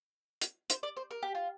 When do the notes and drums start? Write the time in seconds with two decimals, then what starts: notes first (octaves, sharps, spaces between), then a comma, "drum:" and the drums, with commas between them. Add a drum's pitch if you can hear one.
0.42 drum: hi-hat
0.70 C5, drum: hi-hat
0.83 D5
0.97 C5
1.11 A#4
1.22 G4
1.35 F4